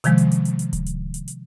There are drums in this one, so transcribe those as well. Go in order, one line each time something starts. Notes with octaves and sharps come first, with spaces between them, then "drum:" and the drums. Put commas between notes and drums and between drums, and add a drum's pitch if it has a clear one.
C3 D#3 F3 G#3, drum: hi-hat
drum: hi-hat
drum: hi-hat
drum: hi-hat
drum: hi-hat
drum: kick D1, hi-hat
drum: hi-hat
drum: hi-hat
drum: hi-hat